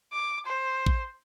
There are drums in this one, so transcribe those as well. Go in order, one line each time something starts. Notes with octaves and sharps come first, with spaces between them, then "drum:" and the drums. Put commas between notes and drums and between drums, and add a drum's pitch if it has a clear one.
D6
C5
drum: kick A1